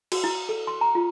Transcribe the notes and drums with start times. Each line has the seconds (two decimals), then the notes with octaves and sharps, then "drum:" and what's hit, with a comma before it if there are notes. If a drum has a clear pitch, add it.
0.12 F#4, drum: cymbal
0.24 E4
0.49 A4
0.67 C6
0.81 A#5
0.95 F4